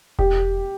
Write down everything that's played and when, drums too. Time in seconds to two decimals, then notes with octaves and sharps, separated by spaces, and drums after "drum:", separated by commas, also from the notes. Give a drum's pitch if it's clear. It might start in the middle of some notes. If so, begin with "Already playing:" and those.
0.19 G4, drum: kick E1